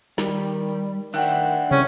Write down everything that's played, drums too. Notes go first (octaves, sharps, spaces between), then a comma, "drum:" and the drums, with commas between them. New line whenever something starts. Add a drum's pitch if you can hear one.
D#3 G3, drum: snare
D#3 D4 E5 F#5 G5 F#6
C2 C#4, drum: tom